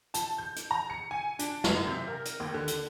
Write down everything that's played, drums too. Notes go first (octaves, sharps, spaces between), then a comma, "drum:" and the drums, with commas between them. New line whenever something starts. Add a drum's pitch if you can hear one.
A5, drum: hi-hat
G6
drum: hi-hat
A#5
C#7
G#5
D4, drum: hi-hat
F#2, drum: snare
C3
A#4
drum: hi-hat
D#2
D3
drum: hi-hat